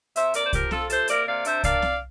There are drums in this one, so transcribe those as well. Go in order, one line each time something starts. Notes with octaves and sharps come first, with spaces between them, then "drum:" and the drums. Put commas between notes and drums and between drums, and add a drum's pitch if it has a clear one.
C3 C5 E5, drum: hi-hat
A#3 A#4 D5, drum: hi-hat
C5
F3 G4 A#4, drum: kick C2, hi-hat
F3 F4 A4, drum: snare
C3 A4 C5, drum: hi-hat
A#3 A#4 D5, drum: hi-hat
C3 D5 F5
D4 C5 E5, drum: hi-hat
A#3 D5 F5, drum: kick C2, hi-hat
drum: snare